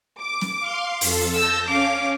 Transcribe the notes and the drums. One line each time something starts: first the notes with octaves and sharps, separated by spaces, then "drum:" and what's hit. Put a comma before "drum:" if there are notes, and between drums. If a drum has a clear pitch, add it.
D6
drum: snare
F5 C6
F2 A4, drum: open hi-hat
A5 E6 G6 A#6
C#4 F5 D6